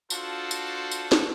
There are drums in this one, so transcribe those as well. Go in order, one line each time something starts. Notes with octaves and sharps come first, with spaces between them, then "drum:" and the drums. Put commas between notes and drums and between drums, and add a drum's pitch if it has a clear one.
D4 F4 F#4 A4 C5, drum: tambourine
drum: tambourine
drum: tambourine
drum: snare